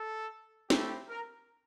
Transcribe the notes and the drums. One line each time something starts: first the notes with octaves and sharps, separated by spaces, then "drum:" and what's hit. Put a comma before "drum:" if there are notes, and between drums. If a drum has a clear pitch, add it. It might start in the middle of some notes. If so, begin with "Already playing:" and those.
Already playing: A4
A3 C4 E4 G4, drum: snare
A#4